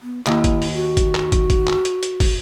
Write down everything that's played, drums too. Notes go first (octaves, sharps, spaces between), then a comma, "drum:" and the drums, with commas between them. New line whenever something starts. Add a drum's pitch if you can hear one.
B3
D#2 E4, drum: clap
drum: kick, hi-hat
drum: open hi-hat
F#4
drum: kick, hi-hat
drum: clap
drum: kick, hi-hat
drum: kick, hi-hat
drum: clap
drum: hi-hat
drum: hi-hat
drum: kick, open hi-hat